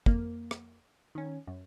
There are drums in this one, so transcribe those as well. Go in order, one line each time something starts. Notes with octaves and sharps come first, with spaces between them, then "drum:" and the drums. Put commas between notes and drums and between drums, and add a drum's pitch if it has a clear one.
F2 A#3, drum: kick
drum: rim click
D#3 C#4
F#2